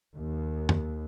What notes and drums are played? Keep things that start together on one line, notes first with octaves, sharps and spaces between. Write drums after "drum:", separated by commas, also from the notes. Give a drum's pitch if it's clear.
D#2
drum: tom